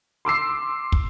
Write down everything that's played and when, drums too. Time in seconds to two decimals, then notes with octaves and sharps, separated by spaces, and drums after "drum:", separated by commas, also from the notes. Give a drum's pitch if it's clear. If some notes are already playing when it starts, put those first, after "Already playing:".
0.25 C6 D6 E6 C7
0.92 drum: kick